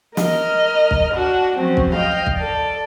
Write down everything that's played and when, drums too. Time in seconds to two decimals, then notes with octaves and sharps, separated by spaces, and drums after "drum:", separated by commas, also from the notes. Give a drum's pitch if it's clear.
0.17 A#4 D#5 F6, drum: snare
0.91 drum: kick
1.14 D4 F#4 F#5
1.58 F3 F#3 C4 C#4
1.77 drum: kick
1.95 D#5 F5 G5
2.26 drum: kick
2.36 A4 D5